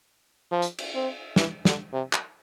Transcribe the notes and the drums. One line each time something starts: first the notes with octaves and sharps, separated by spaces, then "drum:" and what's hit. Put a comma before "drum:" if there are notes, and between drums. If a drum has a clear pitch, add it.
F3
drum: hi-hat
drum: cymbal
C4
E3, drum: snare
D3, drum: snare
C3
drum: clap